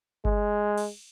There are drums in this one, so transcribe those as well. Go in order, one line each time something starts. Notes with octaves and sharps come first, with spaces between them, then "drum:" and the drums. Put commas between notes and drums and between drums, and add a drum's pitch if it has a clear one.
G#3, drum: kick G1
drum: cymbal